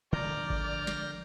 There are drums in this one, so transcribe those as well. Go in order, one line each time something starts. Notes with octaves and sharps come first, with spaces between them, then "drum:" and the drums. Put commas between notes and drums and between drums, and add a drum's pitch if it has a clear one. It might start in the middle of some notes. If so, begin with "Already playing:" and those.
D3 F3 A3 D5 A#5 F6 G6
drum: kick G#1
drum: snare